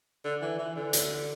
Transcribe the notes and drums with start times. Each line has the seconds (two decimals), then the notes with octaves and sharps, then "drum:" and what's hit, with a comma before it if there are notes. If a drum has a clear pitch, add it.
0.24 D3
0.42 E3
0.58 E3
0.75 D3
0.93 drum: hi-hat